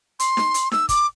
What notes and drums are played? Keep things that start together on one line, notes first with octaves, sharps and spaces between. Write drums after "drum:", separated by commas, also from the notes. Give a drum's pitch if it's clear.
C6, drum: hi-hat
drum: snare D#4
drum: hi-hat
E6, drum: snare D#4
D6, drum: kick, hi-hat